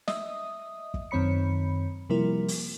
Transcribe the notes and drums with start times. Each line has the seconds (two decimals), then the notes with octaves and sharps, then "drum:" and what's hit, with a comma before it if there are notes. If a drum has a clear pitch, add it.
0.08 D#5 E5 D#6, drum: snare
0.94 drum: kick
1.11 F#2 D#3 C4 C#5 B5 C#7
2.10 C3 F3 G3 A#3 E4 A#4
2.48 drum: open hi-hat